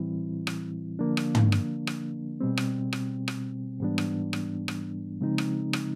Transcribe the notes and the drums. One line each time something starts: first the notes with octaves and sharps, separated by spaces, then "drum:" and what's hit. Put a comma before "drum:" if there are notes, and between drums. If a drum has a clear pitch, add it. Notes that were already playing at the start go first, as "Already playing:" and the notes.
Already playing: A2 E3 G3 C4 E4
drum: rim click
D3 F3 A#3 D4
drum: rim click
drum: tom
drum: rim click
drum: rim click
B2 G3 C4
drum: rim click
drum: rim click
drum: rim click
G#2 E3 G3 B3 D4
drum: rim click
drum: rim click
drum: rim click
C#3 F3 G#3 C4 D#4
drum: rim click
drum: rim click